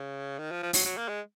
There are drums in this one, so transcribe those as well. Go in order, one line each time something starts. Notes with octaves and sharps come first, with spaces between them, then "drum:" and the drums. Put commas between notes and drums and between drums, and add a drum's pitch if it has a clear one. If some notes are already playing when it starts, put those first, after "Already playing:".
Already playing: C#3
D#3
F3
F3
F#3, drum: open hi-hat
F#3
A#3
G#3